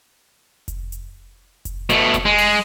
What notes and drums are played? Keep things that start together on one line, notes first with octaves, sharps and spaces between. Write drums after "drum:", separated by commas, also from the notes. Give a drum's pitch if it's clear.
drum: kick F1, hi-hat
drum: hi-hat
drum: kick F1, hi-hat
B2 A3, drum: hi-hat
drum: kick F1, hi-hat
G#3
drum: open hi-hat